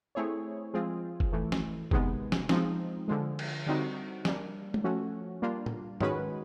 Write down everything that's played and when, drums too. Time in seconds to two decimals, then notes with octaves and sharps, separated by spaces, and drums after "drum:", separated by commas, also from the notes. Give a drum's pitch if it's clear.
0.15 A3 C4 E4 G#4 C#5
0.74 F3 G#3 C4 F4 G#4
1.20 drum: kick
1.32 A2 E3 A3
1.52 drum: snare
1.91 C3 D#3 G#3 B3, drum: kick
2.32 drum: snare
2.49 F3 G#3 C4 D#4, drum: snare
3.08 D3 F3 G#3
3.39 drum: cymbal
3.66 D3 G3 C4 D#4 F#4
4.25 G3 A#3 D4, drum: snare
4.74 drum: tom
4.84 F3 A3 C#4 F#4
5.42 G3 A#3 D4 F4
5.66 drum: tom A2
6.01 D#3 G#3 C#4 F#4 B4, drum: tom